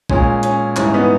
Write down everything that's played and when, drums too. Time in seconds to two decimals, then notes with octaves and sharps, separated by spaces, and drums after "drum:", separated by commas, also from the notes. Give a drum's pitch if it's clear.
0.10 A#2 G#3 C#4, drum: kick
0.43 C#4, drum: hi-hat
0.76 G#2 E3 G3 C#4, drum: clap
0.94 B3 D#4